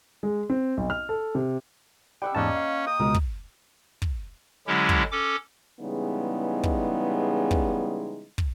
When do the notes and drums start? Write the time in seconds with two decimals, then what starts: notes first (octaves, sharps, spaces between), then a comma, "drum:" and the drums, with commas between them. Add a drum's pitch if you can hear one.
0.23 G#3
0.50 C4
0.77 B1
0.90 F6
1.09 A4
1.35 C3
2.22 G3 F#5 G5 E6
2.35 E2 G#2 A#3 C#4 D#5 F#5 A5
2.56 F5
2.87 G5 D#6
3.00 C#2 B2 G#3 A#4
3.14 drum: kick
4.02 drum: kick
4.67 D3 F#3 G#3 C#4 E4 G4
4.89 drum: kick
5.12 C#4 A4 D6
5.80 C#3 E3 G3 G#3 B3 D#4
6.63 drum: kick
7.51 drum: kick
8.38 drum: kick